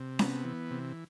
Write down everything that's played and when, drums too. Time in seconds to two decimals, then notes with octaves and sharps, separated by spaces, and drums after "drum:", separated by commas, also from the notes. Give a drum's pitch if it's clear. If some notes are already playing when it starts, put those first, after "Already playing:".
Already playing: C3
0.19 B3, drum: snare C#4
0.44 E3
0.71 C3